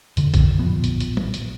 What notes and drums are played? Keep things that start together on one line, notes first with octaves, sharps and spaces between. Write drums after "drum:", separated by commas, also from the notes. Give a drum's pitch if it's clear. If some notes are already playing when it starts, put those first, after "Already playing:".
F2 D3, drum: hi-hat
drum: kick, hi-hat
D1 A#1 F3 B3
drum: hi-hat
drum: hi-hat
drum: tom
drum: hi-hat